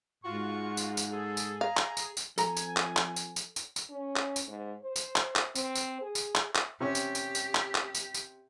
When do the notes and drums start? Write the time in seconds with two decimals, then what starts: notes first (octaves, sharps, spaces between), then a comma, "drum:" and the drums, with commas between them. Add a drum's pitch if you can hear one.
0.24 G#2 F4 F#4 C#6
0.77 drum: tambourine
0.97 drum: tambourine
1.12 G#4 A4
1.37 drum: tambourine
1.61 F5 A#5
1.77 drum: clap
1.97 drum: tambourine
2.17 drum: tambourine
2.38 F3 C4 A4 G#5 A#5, drum: tambourine
2.57 drum: tambourine
2.77 drum: clap
2.96 drum: clap
3.16 drum: tambourine
3.36 drum: tambourine
3.56 drum: tambourine
3.76 drum: tambourine
3.90 C#4
4.16 drum: clap
4.36 drum: tambourine
4.47 G#2
4.82 C5
4.96 drum: tambourine
5.16 drum: clap
5.36 drum: clap
5.55 C4, drum: tambourine
5.75 drum: tambourine
6.01 G#4
6.15 drum: tambourine
6.35 drum: clap
6.55 drum: clap
6.80 C3 C#4 G4 C#6
6.95 drum: tambourine
7.15 drum: tambourine
7.35 drum: tambourine
7.55 drum: clap
7.75 drum: clap
7.95 drum: tambourine
8.14 drum: tambourine